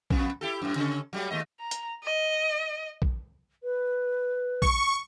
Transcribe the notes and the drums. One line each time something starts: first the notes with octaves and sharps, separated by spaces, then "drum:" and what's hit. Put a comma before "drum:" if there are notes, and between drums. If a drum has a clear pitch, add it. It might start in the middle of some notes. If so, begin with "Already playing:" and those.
F2 B3, drum: kick
E4 G4 A4
F#2 A2
C#3 C#4 A4
F#3 G3 A3
D#2 A3 D#5
A#5
drum: hi-hat
D#5
drum: kick
B4
C#6, drum: kick